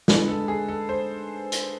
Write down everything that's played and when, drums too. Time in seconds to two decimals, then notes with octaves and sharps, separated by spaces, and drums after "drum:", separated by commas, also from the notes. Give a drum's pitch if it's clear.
0.08 D3 G#3 B3 B4, drum: snare
0.28 A4
0.48 G#4
0.68 A4
0.89 C5
1.52 drum: hi-hat